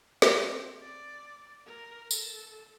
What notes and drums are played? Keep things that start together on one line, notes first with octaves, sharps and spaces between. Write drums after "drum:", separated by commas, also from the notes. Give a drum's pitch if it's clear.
C4, drum: snare
D5
A#4
A4, drum: tambourine